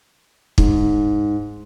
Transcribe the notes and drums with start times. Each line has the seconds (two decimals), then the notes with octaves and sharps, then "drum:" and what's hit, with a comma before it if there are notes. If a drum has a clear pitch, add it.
0.58 G#2, drum: kick